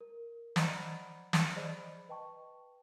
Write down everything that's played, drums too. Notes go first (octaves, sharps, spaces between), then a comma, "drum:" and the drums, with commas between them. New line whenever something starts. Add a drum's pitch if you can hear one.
A#4
C5 D5 D#5 F#5 A#5 B5, drum: snare
drum: snare
G#4 C5 D5 D#5 B5
B4 D#5 G5 A5 C#6